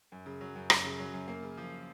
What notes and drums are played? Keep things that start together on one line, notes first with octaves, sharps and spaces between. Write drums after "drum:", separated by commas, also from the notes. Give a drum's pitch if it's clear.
F#2
C#3
F#3
F#2
F#2, drum: rim click
C#3
F#3
F#2
A#3
C#3
F3